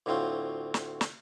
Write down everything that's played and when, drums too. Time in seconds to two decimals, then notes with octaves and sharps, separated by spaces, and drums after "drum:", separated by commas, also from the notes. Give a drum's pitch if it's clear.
0.06 D2 A2 F#3 C4 F4
0.74 drum: snare
1.01 drum: snare